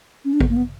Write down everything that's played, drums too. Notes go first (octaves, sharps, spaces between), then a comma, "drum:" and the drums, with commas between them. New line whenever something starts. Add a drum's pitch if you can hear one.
C#4
D4
B3, drum: kick A1
A#3
B3